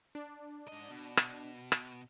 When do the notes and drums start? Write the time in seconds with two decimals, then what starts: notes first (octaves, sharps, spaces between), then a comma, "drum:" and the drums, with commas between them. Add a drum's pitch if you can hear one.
0.15 D4
0.68 G#2 D#5
0.90 B2
1.17 drum: rim click
1.72 drum: rim click